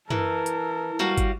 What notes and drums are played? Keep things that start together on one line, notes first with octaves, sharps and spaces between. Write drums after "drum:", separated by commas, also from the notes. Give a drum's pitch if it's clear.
E3 A4 A#4, drum: tom F#2
drum: hi-hat
G3 F#4 F5
drum: kick, hi-hat